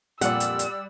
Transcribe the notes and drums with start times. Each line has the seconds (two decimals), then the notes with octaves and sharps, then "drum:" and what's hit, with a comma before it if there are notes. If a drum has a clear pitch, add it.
0.21 F2 A#2 G3 D5 F#5 E6, drum: hi-hat
0.40 drum: hi-hat
0.59 drum: hi-hat